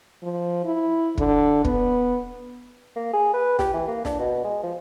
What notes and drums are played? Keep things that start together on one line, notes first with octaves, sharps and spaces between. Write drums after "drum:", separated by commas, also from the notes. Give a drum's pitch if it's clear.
F3
E4
D3, drum: kick
B3, drum: kick
A#3
G#4
B4
G4, drum: snare
E3
A#3
D4, drum: snare
B2
G#3
F3